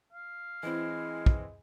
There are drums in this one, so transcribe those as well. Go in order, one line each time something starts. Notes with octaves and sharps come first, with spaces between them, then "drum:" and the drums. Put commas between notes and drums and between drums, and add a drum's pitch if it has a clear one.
F5
E3 G#3 C4 E4
drum: kick